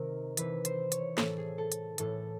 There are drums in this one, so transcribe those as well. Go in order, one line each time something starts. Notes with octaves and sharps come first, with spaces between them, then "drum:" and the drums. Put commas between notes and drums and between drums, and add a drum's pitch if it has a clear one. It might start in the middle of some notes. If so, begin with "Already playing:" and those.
Already playing: C3 D#3 A#4
C3 E3 B4, drum: hi-hat
C5, drum: hi-hat
C#5, drum: hi-hat
A2 E3 A4, drum: snare
G#4
A4
drum: hi-hat
A2 E3 A4, drum: hi-hat